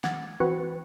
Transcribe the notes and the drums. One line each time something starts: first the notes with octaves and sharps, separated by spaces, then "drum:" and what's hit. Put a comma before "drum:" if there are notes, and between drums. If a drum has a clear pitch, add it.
F#5 G#6 A6, drum: snare
E3 C4 F#4 B4 C#7